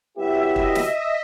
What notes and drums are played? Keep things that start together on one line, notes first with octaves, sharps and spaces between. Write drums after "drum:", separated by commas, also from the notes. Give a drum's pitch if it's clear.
F#3 B3 E4 G4 E5
D#5, drum: kick
drum: snare